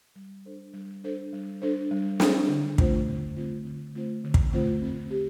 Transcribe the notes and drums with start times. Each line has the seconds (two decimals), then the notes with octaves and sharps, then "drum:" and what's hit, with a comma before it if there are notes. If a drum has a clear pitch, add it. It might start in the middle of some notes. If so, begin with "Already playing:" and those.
0.16 G3
0.45 D4 A4 C5
0.74 G3
1.04 D4 A4 C5
1.33 G3
1.62 D4 A4 C5
1.91 G3
2.20 D4 A4 C5, drum: snare
2.48 D3
2.78 A3 C4 F4 C5, drum: kick
3.08 D3
3.36 A3 C4 F4 C5
3.65 D3
3.95 A3 C4 F4 C5
4.24 D3
4.34 drum: kick
4.53 A3 C4 F4 C5
4.82 C4
5.11 G4